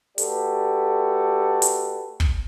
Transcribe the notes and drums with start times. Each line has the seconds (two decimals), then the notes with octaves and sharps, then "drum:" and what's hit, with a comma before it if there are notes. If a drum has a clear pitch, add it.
0.18 A3 F#4 G4 A4 B4 D5, drum: hi-hat
1.62 drum: hi-hat
2.20 drum: kick